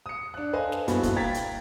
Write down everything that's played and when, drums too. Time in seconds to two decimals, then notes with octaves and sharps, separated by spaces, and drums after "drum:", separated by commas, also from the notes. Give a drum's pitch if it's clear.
0.06 D#6 C#7
0.34 D4 F#6
0.53 A4 B4 C5 D#5 F5 G#5
0.72 drum: snare
0.88 G2 A#2 B3 E4 F#4 A4, drum: hi-hat
1.03 drum: kick, hi-hat
1.16 F5 G5 A#5 G#6 A6 B6
1.34 drum: hi-hat